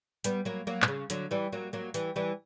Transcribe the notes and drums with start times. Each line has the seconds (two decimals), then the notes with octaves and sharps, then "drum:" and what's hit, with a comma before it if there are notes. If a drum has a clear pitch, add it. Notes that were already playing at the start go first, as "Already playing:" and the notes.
0.24 G3 B3, drum: hi-hat
0.45 F#3 A#3
0.67 F#3 A#3
0.82 B2, drum: clap
0.88 C#3
1.10 D3 F#3, drum: hi-hat
1.31 E3 G3
1.53 F#3 A#3
1.73 F#3 A#3
1.94 E3 G3, drum: hi-hat
2.16 E3 G3